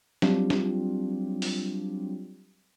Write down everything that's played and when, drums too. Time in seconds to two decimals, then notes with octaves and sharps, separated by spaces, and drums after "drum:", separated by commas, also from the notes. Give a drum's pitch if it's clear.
0.22 F#3 G3 C4 D4 F4 G4, drum: snare
0.50 drum: snare
1.42 drum: open hi-hat